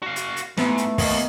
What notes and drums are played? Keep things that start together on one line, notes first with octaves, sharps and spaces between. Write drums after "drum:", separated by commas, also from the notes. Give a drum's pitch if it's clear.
F#4 F5
drum: hi-hat
drum: hi-hat
G#2 A3 B3 E4, drum: snare
drum: hi-hat
D#2 A#4 D#5, drum: kick, open hi-hat